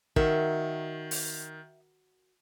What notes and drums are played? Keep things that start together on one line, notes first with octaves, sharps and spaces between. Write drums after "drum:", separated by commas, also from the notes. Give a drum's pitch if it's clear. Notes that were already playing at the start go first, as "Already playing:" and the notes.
D#3 F#4 A#4 E5, drum: kick
drum: open hi-hat